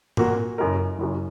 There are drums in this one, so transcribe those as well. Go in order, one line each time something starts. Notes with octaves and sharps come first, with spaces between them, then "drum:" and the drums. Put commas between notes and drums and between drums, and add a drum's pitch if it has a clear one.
A#2 A#3 F#4 A#4, drum: tom G#2
F#1 F#2 F#3 D#4 A#4
F#1 F#2 F#3